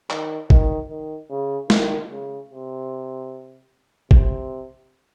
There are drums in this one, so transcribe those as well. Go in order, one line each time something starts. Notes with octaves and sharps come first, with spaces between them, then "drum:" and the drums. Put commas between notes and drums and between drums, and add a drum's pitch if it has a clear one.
D#3, drum: clap
D#3, drum: kick
D#3
C#3
D#3, drum: snare
C#3
C3
C3, drum: kick